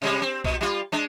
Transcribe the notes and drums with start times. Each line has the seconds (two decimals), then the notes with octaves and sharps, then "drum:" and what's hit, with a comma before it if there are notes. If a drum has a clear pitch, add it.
0.02 C3 G3 G#3
0.22 C4
0.44 A#2, drum: kick B1
0.61 G3 F4
0.92 G#3 D4